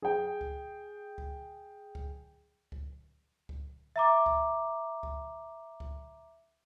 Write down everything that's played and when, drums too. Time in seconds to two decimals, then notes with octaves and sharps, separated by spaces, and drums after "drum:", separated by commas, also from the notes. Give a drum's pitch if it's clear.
0.02 G#4 G5
0.41 drum: kick C#2
1.18 drum: kick C#2
1.95 drum: kick C#2
2.72 drum: kick C#2
3.49 drum: kick C#2
3.96 E5 A#5 D6
4.26 drum: kick C#2
5.03 drum: kick C#2
5.80 drum: kick C#2